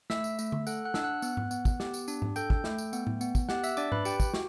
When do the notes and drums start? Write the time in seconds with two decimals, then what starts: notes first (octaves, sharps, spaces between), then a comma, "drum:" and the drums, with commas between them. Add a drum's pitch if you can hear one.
0.10 A3 E5 E6, drum: snare
0.24 drum: tambourine
0.39 A3, drum: tambourine
0.52 drum: tom D3
0.67 A4 F#5 F#6, drum: tambourine
0.85 F#5 F#6
0.94 D4 E6, drum: snare
1.04 F#5 F#6
1.22 B3, drum: tambourine
1.37 drum: tom G#2
1.51 B3, drum: tambourine
1.65 drum: kick, tambourine
1.80 G4, drum: snare
1.94 drum: tambourine
2.08 D4, drum: tambourine
2.22 drum: tom G#2
2.36 A4 G5 G6, drum: tambourine
2.50 drum: kick
2.64 A3, drum: snare
2.78 drum: tambourine
2.93 B3, drum: tambourine
3.07 drum: tom A2
3.21 B3, drum: tambourine
3.35 drum: kick, tambourine
3.49 G4 F#5 F#6, drum: snare
3.64 E5 E6, drum: tambourine
3.77 D4 D5 D6, drum: tambourine
3.92 B4 B5, drum: tom G#2
4.05 G4 G5, drum: tambourine
4.20 drum: kick, tambourine
4.34 F#4, drum: snare